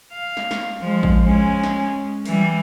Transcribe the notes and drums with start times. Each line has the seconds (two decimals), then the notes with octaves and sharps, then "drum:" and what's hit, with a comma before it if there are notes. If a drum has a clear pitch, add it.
0.12 F5
0.37 drum: snare
0.51 drum: snare
0.81 F3 G#3
1.03 drum: kick A1
1.25 G#3 C#4
1.64 drum: snare
2.25 E3 G3, drum: open hi-hat